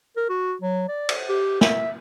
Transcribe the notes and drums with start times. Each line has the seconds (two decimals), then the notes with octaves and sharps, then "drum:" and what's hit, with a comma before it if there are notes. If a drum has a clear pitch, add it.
0.17 A#4
0.29 F#4
0.62 F#3
0.89 D5
1.09 drum: cymbal
1.29 G4
1.61 E5, drum: snare